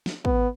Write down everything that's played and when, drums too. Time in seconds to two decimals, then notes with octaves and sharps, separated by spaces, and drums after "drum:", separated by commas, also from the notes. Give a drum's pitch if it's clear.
0.06 drum: snare
0.25 B3, drum: kick